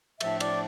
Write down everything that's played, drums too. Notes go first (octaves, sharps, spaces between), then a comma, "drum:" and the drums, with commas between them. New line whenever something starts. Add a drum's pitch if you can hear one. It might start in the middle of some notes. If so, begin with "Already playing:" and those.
A2 F3 A3 D4 E5, drum: cymbal
D5, drum: cymbal